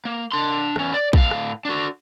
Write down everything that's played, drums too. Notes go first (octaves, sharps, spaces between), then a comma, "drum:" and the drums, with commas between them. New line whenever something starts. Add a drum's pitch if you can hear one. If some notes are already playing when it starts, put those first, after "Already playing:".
A#3
D4 C6
E2 C#4, drum: rim click
D5
A2 F5, drum: kick
drum: rim click
D4 F#4